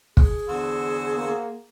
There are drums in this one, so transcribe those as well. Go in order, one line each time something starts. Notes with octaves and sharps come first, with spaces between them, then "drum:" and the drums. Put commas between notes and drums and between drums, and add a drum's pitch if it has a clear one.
G#4, drum: kick
E2 D3 F#4 C5 E6
A#3